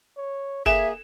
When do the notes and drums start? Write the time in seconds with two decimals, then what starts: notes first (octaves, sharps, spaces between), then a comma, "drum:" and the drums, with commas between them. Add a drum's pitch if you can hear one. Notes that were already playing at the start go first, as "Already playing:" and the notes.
0.17 C#5
0.66 A#3 G#4 E5 E7, drum: kick